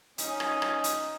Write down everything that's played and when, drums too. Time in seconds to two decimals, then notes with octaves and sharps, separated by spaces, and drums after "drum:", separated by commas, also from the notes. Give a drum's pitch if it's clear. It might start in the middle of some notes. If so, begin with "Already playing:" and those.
0.18 C#4 D#4, drum: hi-hat
0.40 drum: rim click
0.62 drum: rim click
0.84 drum: hi-hat